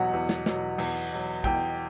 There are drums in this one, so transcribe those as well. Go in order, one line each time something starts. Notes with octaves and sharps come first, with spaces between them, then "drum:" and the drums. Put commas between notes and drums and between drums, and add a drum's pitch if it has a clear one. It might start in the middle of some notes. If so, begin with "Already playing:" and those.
Already playing: E2 B2 F#3 F#5
E2
drum: snare
B2 F#3, drum: snare
E2, drum: cymbal
B2 F#3
E2 G5, drum: kick